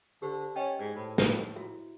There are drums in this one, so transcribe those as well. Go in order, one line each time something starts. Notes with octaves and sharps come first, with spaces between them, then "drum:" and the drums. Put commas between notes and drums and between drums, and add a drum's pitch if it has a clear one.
D3 G4 C5
C#4 D5 D#5 G5
G#2 C5
A2 C5
A2, drum: snare
E4 F#4 E5